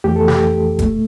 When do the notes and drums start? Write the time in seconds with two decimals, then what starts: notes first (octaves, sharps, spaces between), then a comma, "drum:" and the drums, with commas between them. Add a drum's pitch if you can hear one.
0.04 F2 E3 A3 G4
0.16 A4
0.28 G4, drum: snare
0.79 A#2 A3, drum: kick E1, hi-hat